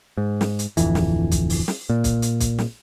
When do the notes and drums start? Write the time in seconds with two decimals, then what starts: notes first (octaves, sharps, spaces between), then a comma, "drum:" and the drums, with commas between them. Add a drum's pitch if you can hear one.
0.17 G#2
0.41 drum: snare
0.59 drum: hi-hat
0.77 D1 F2 E3, drum: hi-hat
0.95 drum: snare
1.31 drum: kick B1, hi-hat
1.50 drum: open hi-hat
1.68 drum: snare
1.89 A#2
2.04 drum: kick B1, hi-hat
2.22 drum: hi-hat
2.40 drum: kick B1, hi-hat
2.59 drum: snare